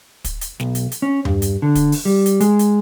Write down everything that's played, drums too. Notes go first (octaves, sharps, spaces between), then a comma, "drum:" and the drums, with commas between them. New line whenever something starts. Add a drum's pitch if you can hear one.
drum: kick, hi-hat
drum: hi-hat
B1, drum: snare
drum: hi-hat
drum: hi-hat
C#4
G2, drum: tom E2
drum: hi-hat
D3
drum: kick, hi-hat
drum: open hi-hat
G3
drum: hi-hat
G#3, drum: hi-hat
drum: hi-hat